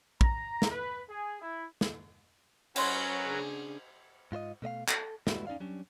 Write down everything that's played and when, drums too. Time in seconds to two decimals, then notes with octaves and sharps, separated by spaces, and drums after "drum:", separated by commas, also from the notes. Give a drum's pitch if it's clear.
0.21 A#5, drum: kick
0.62 drum: snare
0.71 B4
1.09 G#4
1.41 E4
1.81 drum: snare
2.76 F#3 C#4 F#4 A#4 B4 C6, drum: cymbal
3.26 C#3 D4 G#4
4.32 G#2 F4 C5 D#5
4.62 B2 A3 D#5 F5
4.88 A4, drum: clap
5.27 A2 G3 G#3 B3 E4 F#4, drum: snare
5.47 C#4 D#4 D5 F5
5.60 F#3 G3 C#4 D4